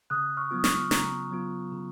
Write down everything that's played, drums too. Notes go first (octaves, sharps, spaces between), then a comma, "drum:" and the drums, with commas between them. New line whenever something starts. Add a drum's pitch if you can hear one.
C#3 D#6 F#6
C#6 F6
F#3 B3 F4
D#6
C#6 F6, drum: snare
C#3 A#5 C#6, drum: snare
F#3 B3 F4
C#3